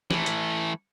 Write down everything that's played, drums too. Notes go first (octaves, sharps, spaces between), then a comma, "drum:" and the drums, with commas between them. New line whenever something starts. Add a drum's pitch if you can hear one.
E3 A3, drum: snare
drum: hi-hat